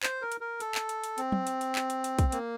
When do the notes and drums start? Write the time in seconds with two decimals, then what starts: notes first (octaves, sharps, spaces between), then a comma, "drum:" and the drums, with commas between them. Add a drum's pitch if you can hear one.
0.03 C5, drum: clap
0.22 A#4
0.32 drum: hi-hat
0.41 A#4
0.60 A4, drum: hi-hat
0.75 drum: clap
0.89 drum: hi-hat
1.04 drum: hi-hat
1.18 C4, drum: hi-hat
1.32 drum: tom
1.47 drum: hi-hat
1.61 drum: hi-hat
1.75 drum: clap
1.90 drum: hi-hat
2.04 drum: hi-hat
2.19 drum: kick, hi-hat
2.32 A#3, drum: hi-hat